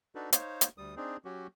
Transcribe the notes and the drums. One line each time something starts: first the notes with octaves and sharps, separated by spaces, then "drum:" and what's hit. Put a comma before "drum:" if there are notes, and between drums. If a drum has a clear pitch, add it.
D4 D#4 F#4 A4 B4
D#4 C5 C#5 F5, drum: hi-hat
drum: hi-hat
D2 G3 D#6
C4 D4 D#4 G#4
F#3 C#4 F#4 G4